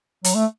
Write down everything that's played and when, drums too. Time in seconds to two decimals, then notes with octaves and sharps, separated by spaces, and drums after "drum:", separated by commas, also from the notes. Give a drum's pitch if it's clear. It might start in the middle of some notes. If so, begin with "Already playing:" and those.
0.24 F#3, drum: hi-hat
0.35 A3